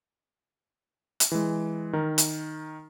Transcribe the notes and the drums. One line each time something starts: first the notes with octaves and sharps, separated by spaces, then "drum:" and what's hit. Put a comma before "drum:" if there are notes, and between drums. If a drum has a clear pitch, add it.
drum: hi-hat
E3 G#3
D#3 A#4
drum: hi-hat